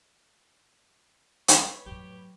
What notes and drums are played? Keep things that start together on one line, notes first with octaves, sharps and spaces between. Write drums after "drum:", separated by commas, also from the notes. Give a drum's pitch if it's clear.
B4 C#5, drum: hi-hat
F2 A2 F#3 G4